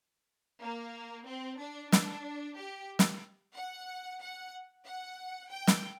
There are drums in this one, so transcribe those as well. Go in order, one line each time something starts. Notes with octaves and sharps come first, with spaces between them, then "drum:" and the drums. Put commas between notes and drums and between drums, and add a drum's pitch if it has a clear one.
A#3
C4
D4
D4, drum: snare
G4
drum: snare
F#5
F#5
F#5
G5
drum: snare